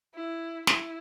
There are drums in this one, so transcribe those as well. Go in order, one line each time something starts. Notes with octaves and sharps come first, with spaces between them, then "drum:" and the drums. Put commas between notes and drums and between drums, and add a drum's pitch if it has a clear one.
E4
E4, drum: snare